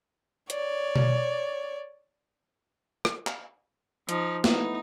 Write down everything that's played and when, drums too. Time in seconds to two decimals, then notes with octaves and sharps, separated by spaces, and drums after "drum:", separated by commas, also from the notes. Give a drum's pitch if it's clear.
0.50 C#5 D5, drum: hi-hat
0.96 drum: tom B2
3.05 drum: rim click
3.27 drum: clap
4.09 F3 D#4, drum: hi-hat
4.44 A3 B3 D#4 E4, drum: snare